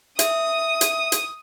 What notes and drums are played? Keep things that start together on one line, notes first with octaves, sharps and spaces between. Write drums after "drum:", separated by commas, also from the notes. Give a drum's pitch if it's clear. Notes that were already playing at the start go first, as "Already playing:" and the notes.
E5 D#6, drum: hi-hat
drum: hi-hat
drum: hi-hat